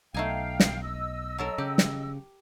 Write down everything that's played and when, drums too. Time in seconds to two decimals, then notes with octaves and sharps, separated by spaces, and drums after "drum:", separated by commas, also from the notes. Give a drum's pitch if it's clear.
0.14 B1 A3 D#4 F5 G5 G#5
0.60 drum: snare
0.82 D#5 E6
1.38 F#3 A4 A#4
1.58 C#3 G4
1.78 drum: snare